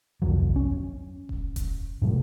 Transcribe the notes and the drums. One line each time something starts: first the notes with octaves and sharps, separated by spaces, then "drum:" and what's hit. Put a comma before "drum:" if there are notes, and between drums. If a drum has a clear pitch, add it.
G1 C2 F2 F#3
C#4
drum: kick E1
drum: kick E1, hi-hat
G#2 C3 F#3 A3